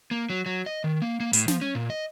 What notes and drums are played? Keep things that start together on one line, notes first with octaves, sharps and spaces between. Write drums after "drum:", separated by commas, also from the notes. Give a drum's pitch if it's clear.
A#3
F#3
F#3
D#5
D#3
A#3
A#3
A2, drum: hi-hat
F3, drum: snare
C#4
A#2
D#5